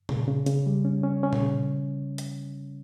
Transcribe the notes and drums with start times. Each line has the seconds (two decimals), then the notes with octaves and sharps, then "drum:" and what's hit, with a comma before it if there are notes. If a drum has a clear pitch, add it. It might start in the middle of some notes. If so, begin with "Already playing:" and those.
0.09 C#3, drum: tom
0.28 C#3
0.46 C#3, drum: hi-hat
0.66 G3
0.85 C#4
1.03 C#4
1.23 C#4
1.33 drum: tom
1.42 C#3
2.18 drum: hi-hat